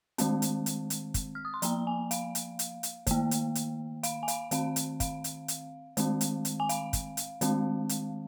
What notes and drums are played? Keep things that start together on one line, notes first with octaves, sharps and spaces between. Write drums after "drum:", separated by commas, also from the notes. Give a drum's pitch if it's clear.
D#3 G#3 C4, drum: hi-hat
drum: hi-hat
drum: hi-hat
drum: hi-hat
drum: kick, hi-hat
F6
D#6
C6
F3 A#3 A#5, drum: hi-hat
G#5
F5, drum: hi-hat
drum: hi-hat
drum: hi-hat
drum: hi-hat
D#3 A#3, drum: kick, hi-hat
drum: hi-hat
drum: hi-hat
F5, drum: hi-hat
G#5
F5, drum: hi-hat
D#3 C4 F5, drum: hi-hat
drum: hi-hat
F5, drum: kick, hi-hat
drum: hi-hat
drum: hi-hat
D#3 G#3 C4, drum: hi-hat
drum: hi-hat
drum: hi-hat
G#5
F5, drum: hi-hat
drum: kick, hi-hat
drum: hi-hat
D#3 G#3 C4, drum: hi-hat
drum: hi-hat